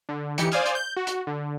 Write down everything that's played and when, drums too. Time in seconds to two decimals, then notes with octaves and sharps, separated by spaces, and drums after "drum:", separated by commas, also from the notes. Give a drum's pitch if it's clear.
0.09 D3
0.38 E3 D#4 G4 C#7, drum: hi-hat
0.52 C5 D5 F5 G#5 D#6 F6, drum: hi-hat
0.66 drum: hi-hat
0.75 G6
0.97 F#4
1.07 drum: hi-hat
1.27 D3